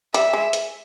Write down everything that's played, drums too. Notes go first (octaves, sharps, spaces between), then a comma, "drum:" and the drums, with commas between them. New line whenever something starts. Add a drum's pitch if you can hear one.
G3 E5, drum: hi-hat
G#3
drum: hi-hat